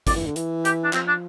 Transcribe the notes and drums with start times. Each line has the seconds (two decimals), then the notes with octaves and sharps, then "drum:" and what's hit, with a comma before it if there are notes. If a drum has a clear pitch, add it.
0.07 F2 D5, drum: kick, hi-hat
0.16 E3
0.26 D3
0.36 E3, drum: hi-hat
0.65 G4, drum: hi-hat
0.84 D4
0.93 F3 C4, drum: clap
1.07 D4